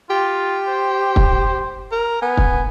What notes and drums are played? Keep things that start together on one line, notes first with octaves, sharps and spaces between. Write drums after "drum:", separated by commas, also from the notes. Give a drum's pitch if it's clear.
F4 G4
C5
drum: kick
A#4
B3 G#5
drum: kick